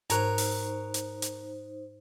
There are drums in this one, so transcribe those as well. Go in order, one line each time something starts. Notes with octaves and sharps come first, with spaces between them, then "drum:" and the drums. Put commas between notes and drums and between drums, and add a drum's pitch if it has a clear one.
G#2 D#4 A#4 C5 C#5 G#5 A#5 F#6, drum: hi-hat
drum: open hi-hat
drum: hi-hat
drum: hi-hat